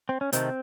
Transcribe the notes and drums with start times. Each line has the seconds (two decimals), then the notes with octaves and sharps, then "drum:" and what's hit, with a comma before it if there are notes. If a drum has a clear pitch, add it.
0.09 C4
0.21 C#4
0.33 C3 D#3 A3 C4, drum: hi-hat